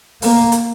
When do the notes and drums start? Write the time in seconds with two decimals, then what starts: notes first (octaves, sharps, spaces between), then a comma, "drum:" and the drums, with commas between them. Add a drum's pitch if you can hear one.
0.22 A#3, drum: open hi-hat
0.52 drum: hi-hat